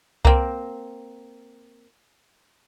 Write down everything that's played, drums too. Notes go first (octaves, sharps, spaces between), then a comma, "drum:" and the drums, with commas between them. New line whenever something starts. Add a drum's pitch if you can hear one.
A#3 C4, drum: kick C2